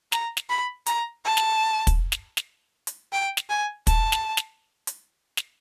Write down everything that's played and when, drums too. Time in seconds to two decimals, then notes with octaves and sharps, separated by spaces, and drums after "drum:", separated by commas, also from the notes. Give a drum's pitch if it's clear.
0.12 A#5, drum: snare
0.37 drum: snare
0.49 B5
0.86 A#5, drum: hi-hat
1.25 A5
1.37 drum: snare
1.87 drum: kick, hi-hat
2.12 drum: snare
2.37 drum: snare
2.87 drum: hi-hat
3.13 G5
3.37 drum: snare
3.50 G#5
3.87 A5, drum: kick, hi-hat
4.12 drum: snare
4.37 drum: snare
4.87 drum: hi-hat
5.37 drum: snare